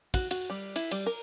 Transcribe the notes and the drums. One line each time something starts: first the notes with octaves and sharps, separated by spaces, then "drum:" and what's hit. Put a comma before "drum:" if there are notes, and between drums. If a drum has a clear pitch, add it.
F#4, drum: kick, cymbal
F#4, drum: cymbal
G3
E4, drum: cymbal
G3, drum: cymbal
A#4